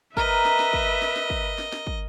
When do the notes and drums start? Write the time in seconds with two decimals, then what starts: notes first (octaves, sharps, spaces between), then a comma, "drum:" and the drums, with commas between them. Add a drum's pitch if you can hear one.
0.17 A#4 B4 D#5 E5, drum: kick
0.45 drum: snare
0.59 drum: snare
0.73 drum: kick
1.02 drum: snare
1.16 drum: snare
1.30 drum: kick
1.58 drum: snare
1.73 drum: snare
1.87 drum: kick